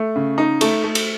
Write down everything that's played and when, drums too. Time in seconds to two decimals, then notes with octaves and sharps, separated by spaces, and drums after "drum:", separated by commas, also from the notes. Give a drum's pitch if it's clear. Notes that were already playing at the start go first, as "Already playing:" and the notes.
Already playing: A3
0.16 C#3
0.38 D#4
0.61 A3, drum: cymbal
0.84 A3
0.95 drum: cymbal